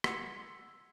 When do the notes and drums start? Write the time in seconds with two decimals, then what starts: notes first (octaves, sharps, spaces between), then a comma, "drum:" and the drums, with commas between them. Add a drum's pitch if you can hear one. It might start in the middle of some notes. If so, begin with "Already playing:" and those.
0.04 F#5 C6 E6 G#6 B6 C#7, drum: rim click